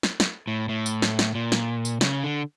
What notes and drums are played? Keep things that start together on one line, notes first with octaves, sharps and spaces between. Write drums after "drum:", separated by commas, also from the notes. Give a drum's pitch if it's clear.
drum: snare
drum: snare
A2
A2
drum: tambourine
drum: snare
drum: snare
A#2
drum: snare
drum: tambourine
C#3, drum: snare
D3